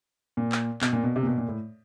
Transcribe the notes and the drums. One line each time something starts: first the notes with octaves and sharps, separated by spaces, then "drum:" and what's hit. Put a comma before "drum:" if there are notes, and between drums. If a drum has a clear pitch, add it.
A#2
drum: clap
B2, drum: clap
A#2
B2
C3
A#2
B2
A#2
A2